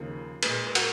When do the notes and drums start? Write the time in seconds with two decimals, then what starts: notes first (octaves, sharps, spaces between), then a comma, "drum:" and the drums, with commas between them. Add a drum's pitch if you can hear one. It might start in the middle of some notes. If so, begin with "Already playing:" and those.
Already playing: D#2 C#3 F3 A#3
0.43 A#2 G#3 G#4 B4, drum: cymbal
0.67 B4
0.75 F#4 A#4, drum: cymbal